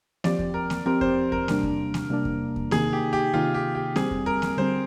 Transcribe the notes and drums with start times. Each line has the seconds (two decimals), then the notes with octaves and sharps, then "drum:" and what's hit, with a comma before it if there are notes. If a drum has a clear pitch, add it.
0.24 F3 C4 G4 D5, drum: snare A#3
0.39 drum: kick E2
0.54 A#4
0.70 drum: snare A#3
0.86 F3 C4 G4 A#4
1.01 C5, drum: kick E2
1.32 A#4, drum: kick E2
1.48 C3 G3 A#3 D4, drum: snare A#3
1.63 drum: kick E2
1.94 drum: snare A#3
2.10 C3 G3 A#3 D4
2.25 drum: kick E2
2.56 drum: kick E2
2.71 C3 D#3 A#3 D#4 G#4, drum: snare A#3
2.93 G4
3.13 G4
3.33 C3 D#3 A#3 D#4 F4
3.54 G4
3.75 G4
3.96 D3 G3 C4 G#4, drum: snare A#3
4.11 drum: kick E2
4.26 A#4
4.42 drum: snare A#3
4.57 D3 G3 C4 C5